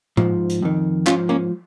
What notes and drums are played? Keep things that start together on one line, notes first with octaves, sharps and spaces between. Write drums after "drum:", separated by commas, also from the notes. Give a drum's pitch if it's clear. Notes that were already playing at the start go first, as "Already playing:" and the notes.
G#2 F3, drum: tom A2
drum: hi-hat
F2 D#3
G#2 F3 C#4 F4, drum: clap
A#3 C#4